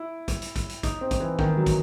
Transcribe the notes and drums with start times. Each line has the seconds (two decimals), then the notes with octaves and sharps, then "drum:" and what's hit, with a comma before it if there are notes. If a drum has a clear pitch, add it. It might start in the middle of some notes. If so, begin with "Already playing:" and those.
Already playing: E4
0.28 drum: kick, hi-hat
0.42 drum: hi-hat
0.56 drum: kick, hi-hat
0.69 drum: hi-hat
0.83 D#4, drum: kick, hi-hat
1.01 C4
1.11 drum: kick, hi-hat
1.20 E3
1.39 D#3, drum: kick
1.57 F#3
1.66 drum: kick, hi-hat